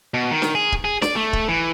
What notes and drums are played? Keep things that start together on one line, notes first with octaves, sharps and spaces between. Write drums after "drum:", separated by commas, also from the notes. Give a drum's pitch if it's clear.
B2
D#3
drum: snare
G#4
drum: kick
G#4
D5, drum: snare
A3
drum: kick
E3